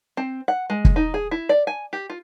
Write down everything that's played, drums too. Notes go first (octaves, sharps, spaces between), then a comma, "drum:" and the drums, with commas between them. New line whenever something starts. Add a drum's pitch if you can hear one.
C4
F#5
G#3
drum: kick
D#4
G#4
E4
D5
G#5
G4
F4